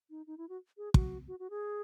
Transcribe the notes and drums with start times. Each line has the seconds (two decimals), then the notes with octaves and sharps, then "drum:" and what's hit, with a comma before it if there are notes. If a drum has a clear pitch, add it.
0.10 D#4
0.27 D#4
0.38 E4
0.49 F#4
0.77 G#4
0.94 F#4, drum: kick
1.28 F#4
1.39 F#4
1.50 G#4